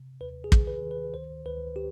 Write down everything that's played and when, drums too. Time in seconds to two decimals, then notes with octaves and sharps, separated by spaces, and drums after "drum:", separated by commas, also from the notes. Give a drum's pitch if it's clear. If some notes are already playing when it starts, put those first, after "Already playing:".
Already playing: C3
0.21 D#2 B4
0.44 G#4
0.52 D#3, drum: kick
0.67 B4
0.83 D#3
0.91 B4
1.14 D2 C5
1.45 D2 B4
1.76 G4